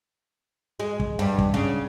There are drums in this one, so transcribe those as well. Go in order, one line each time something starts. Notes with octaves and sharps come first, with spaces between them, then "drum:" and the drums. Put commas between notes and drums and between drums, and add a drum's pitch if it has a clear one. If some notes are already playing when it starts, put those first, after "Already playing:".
G#3
drum: kick
G2
drum: kick
C#3